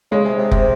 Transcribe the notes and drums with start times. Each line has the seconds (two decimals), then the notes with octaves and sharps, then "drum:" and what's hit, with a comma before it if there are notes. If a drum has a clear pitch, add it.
0.11 C#3 G#3
0.24 C3
0.38 C3
0.51 C3, drum: kick F1